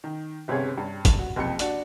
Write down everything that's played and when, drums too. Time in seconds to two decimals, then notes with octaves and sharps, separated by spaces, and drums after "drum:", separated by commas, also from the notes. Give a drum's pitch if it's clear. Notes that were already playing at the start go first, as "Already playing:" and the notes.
0.04 D#3
0.48 G1 C3 C4 C#4 G#4 C#5
0.78 G2
1.05 drum: kick, hi-hat
1.19 F#4
1.36 F#1 F2 C3 C#7
1.59 D4 F#4, drum: hi-hat